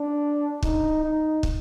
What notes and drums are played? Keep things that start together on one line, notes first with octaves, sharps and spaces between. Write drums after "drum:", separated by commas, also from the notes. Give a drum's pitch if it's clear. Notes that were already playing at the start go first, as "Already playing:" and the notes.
Already playing: D4
D#4, drum: kick
D#4
drum: kick